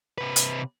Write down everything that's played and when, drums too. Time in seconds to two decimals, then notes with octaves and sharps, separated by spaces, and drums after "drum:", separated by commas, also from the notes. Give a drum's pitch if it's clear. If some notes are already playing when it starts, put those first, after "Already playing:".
0.18 C3 B4
0.36 drum: hi-hat